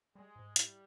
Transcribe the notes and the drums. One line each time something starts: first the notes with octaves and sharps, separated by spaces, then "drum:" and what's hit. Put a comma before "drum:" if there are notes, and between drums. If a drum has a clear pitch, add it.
G3 G#3
G#2
G3 E4, drum: hi-hat